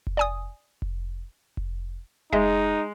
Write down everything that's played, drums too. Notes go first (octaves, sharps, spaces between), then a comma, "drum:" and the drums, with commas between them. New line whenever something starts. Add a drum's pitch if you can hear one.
drum: kick F1
D5 G#5 D#6
drum: kick F1
drum: kick F1
G#3 D#4 D#5 E5, drum: kick F1